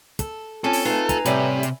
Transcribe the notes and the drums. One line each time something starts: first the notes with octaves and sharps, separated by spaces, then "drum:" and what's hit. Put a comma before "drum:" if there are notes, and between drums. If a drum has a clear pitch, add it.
A4, drum: kick, hi-hat
F3 C4 C#4 A4 G#5 A5
drum: open hi-hat
A3 D#4 F4 B4
B4 G#5 A#5, drum: kick, hi-hat
A2 C3 G3 C#4 E5 G#5 B5, drum: hi-hat
drum: hi-hat